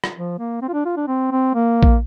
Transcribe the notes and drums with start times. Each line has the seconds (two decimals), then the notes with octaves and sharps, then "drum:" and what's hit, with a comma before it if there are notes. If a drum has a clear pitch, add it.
0.04 drum: rim click
0.15 F3
0.39 A#3
0.62 C4
0.68 F4
0.73 D4
0.85 F4
0.97 D4
1.08 C4
1.31 C4
1.55 A#3
1.83 drum: kick A#1